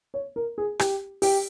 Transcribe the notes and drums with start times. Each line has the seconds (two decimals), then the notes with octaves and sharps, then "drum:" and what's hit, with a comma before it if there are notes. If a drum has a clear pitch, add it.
0.14 C#5
0.36 A#4
0.58 G#4
0.79 G4, drum: rim click
1.22 G4, drum: open hi-hat